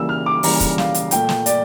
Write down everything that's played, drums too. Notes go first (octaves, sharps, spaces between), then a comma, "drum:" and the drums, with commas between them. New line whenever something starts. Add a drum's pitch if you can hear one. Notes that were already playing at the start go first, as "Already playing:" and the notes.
Already playing: C#3 E3 G3 A#3 E6
F6
D6
C#3 E3 G3 A#3 A#5, drum: open hi-hat
drum: kick, hi-hat
F5, drum: snare
drum: hi-hat
A#2 A3 G5, drum: hi-hat
drum: snare
D5, drum: hi-hat